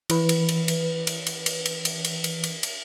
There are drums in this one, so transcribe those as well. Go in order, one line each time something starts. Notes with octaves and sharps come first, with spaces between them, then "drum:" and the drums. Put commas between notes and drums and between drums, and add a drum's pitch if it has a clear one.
E3 B4, drum: cymbal
drum: cymbal
drum: cymbal
drum: cymbal
drum: cymbal
drum: cymbal
drum: cymbal
drum: cymbal
drum: cymbal
drum: cymbal
drum: cymbal
drum: cymbal
drum: cymbal